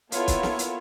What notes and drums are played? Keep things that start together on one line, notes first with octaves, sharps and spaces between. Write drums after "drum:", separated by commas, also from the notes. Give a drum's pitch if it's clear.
A#3 B3 E4 F4 A4 C#5, drum: hi-hat
drum: kick, hi-hat
drum: snare
drum: hi-hat